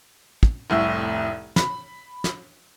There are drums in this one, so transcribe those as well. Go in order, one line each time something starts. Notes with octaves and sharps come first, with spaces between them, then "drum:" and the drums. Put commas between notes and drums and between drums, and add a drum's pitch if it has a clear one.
drum: kick
F1 C2 A2 E6
B5, drum: snare
drum: snare